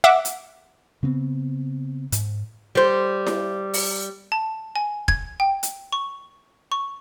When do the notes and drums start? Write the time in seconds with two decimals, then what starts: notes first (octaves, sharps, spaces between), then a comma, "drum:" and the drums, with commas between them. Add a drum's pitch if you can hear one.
0.04 E5 F#5 D6
0.25 drum: hi-hat
1.03 C#3 B3 C4
2.12 G#2, drum: hi-hat
2.75 G3 C5
3.27 drum: snare E4
3.74 drum: open hi-hat
4.32 A5
4.76 G#5
5.08 G#6, drum: kick F1
5.40 G5
5.63 drum: hi-hat
5.92 C#6
6.72 C#6